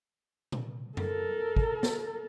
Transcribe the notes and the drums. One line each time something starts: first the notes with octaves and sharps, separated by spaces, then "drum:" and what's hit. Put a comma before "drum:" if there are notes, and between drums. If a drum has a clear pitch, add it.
drum: tom A#2
A4 A#4, drum: tom F#2
drum: kick
drum: snare